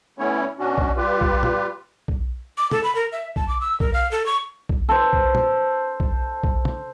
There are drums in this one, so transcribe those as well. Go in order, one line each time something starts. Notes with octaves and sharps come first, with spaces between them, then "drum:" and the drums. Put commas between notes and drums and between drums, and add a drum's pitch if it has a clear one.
D3 A3 B3 C#4 E4 C#5
B2 C#4 D4 F#4
drum: kick B1
G3 F4 G4 B4
drum: kick B1
drum: tom
drum: kick B1
D6
A4, drum: tom
B5
A#4
E5
A5, drum: kick B1
D6
E6
A#4, drum: kick B1
F5
A4
C#6
drum: kick B1
A4 C5
drum: kick B1
drum: tom
drum: kick B1
drum: kick B1
drum: tom